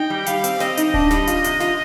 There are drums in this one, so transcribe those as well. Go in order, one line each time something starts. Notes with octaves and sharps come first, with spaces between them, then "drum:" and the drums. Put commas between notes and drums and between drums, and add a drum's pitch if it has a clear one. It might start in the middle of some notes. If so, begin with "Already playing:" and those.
Already playing: D#4 G5
G3
G3 F5, drum: hi-hat
C4, drum: hi-hat
C4 D#5, drum: snare
D#4, drum: hi-hat
D4, drum: kick D1
G3, drum: snare
F4, drum: hi-hat
C3, drum: hi-hat
F4, drum: snare